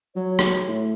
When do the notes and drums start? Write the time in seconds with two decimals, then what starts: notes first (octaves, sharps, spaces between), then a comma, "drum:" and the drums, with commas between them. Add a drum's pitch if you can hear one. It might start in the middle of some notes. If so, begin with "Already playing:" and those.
0.16 F#3 C#5
0.39 drum: rim click
0.68 A2